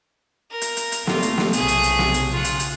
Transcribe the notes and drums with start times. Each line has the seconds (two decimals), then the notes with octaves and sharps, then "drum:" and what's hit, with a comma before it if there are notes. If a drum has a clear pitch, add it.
0.51 A#4
0.61 drum: hi-hat
0.77 drum: hi-hat
0.92 drum: hi-hat
1.07 G3 A3 A#3 F4, drum: snare
1.22 drum: hi-hat
1.38 drum: snare
1.53 B1 C3 A3 G#4, drum: hi-hat
1.68 drum: hi-hat
1.83 drum: hi-hat
1.99 drum: snare
2.14 drum: hi-hat
2.32 C#3 F4 F#5
2.44 drum: hi-hat
2.60 drum: hi-hat